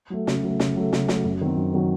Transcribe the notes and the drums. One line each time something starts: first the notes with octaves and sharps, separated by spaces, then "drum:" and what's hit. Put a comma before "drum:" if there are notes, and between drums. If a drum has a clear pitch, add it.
F#3 A3
C#3, drum: snare
F#3 A3
C#3, drum: snare
F#3 A3
C#3, drum: snare
F#3 A3, drum: snare
F#2
D#3 F#3 C4
F#2
D#3 F#3 C4